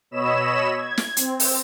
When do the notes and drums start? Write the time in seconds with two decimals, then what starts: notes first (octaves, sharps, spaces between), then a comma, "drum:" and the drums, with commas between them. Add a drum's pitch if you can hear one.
0.11 B2 C#5 D#5 B5 E6 E7
0.76 G#6
0.98 drum: snare
1.17 C4, drum: hi-hat
1.40 drum: open hi-hat